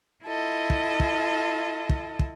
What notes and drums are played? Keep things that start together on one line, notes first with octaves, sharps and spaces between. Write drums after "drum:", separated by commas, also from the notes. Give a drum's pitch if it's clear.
E4 F4 A4 D#5
drum: kick
drum: kick
drum: kick
drum: kick